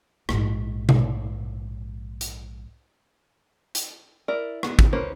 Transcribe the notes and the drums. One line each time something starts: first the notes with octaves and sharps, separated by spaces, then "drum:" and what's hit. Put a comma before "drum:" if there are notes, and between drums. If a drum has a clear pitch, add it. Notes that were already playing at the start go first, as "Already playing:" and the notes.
A#1 G#2, drum: rim click
drum: tom B2
drum: hi-hat
drum: hi-hat
E4 A#4 D5
B3, drum: rim click
drum: kick
A#3 C#4 B4 C5